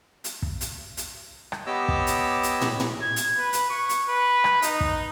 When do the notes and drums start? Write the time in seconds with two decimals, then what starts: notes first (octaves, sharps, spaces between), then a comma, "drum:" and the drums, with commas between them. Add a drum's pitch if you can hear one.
0.24 drum: hi-hat
0.42 drum: kick
0.61 drum: hi-hat
0.97 drum: hi-hat
1.52 drum: rim click
1.66 B3 G4 C#5 D#5 D6 E6
1.88 drum: kick
2.07 drum: hi-hat
2.43 drum: hi-hat
2.61 drum: tom
2.80 drum: tom
3.02 G#6
3.16 drum: hi-hat
3.38 B4
3.53 drum: hi-hat
3.70 C#6
3.89 drum: hi-hat
4.08 B4
4.44 drum: rim click
4.62 D#4, drum: hi-hat
4.81 drum: kick